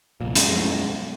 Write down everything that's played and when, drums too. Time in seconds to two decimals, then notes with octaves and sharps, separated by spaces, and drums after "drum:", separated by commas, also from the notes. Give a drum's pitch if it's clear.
0.21 C2 F2 A#2
0.35 F#2 G#3, drum: hi-hat
0.52 F2 A2
0.72 B1